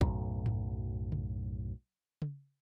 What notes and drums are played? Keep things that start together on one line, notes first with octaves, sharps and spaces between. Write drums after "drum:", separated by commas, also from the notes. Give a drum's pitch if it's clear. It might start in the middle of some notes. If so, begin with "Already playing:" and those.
B1 F#2 A2, drum: kick
drum: tom G#2
drum: tom C#3
drum: tom C#3